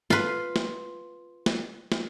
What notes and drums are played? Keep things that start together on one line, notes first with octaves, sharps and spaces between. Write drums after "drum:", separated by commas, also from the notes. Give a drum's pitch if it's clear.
F4 B4, drum: snare
drum: snare
drum: snare
drum: snare